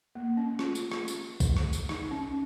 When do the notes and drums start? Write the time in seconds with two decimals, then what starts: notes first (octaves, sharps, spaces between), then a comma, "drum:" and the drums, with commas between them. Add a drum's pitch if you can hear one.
0.15 A#3
0.37 C#4
0.59 F4, drum: rim click
0.75 drum: tambourine
0.92 drum: rim click
1.08 drum: tambourine
1.40 drum: kick A#1, tambourine
1.57 drum: rim click
1.73 drum: tambourine
1.89 D#4, drum: rim click
2.11 C#4